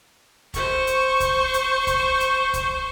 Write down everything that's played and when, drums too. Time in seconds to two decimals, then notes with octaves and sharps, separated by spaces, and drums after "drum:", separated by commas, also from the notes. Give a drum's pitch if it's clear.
0.54 C5 C#6, drum: kick, hi-hat
0.87 drum: hi-hat
1.20 drum: kick, hi-hat
1.54 drum: hi-hat
1.87 drum: kick, hi-hat
2.20 drum: hi-hat
2.54 drum: kick, hi-hat